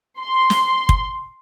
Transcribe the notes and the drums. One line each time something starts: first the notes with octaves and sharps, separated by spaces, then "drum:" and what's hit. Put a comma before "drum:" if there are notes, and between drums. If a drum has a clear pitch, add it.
C6
drum: snare
drum: kick